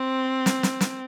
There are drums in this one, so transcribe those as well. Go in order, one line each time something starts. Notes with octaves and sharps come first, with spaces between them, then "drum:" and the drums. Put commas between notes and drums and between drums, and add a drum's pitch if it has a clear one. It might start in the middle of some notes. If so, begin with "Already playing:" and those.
Already playing: C4
drum: snare
drum: snare
drum: snare